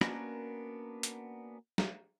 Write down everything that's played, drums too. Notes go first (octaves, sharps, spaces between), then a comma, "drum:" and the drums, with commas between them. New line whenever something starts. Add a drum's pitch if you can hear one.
A#3 B3 C#4 D4 F#4 A#4, drum: rim click
drum: hi-hat
drum: snare